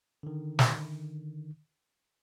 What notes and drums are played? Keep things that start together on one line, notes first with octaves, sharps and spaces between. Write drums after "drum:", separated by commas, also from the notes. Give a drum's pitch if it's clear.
D3 D#3
drum: snare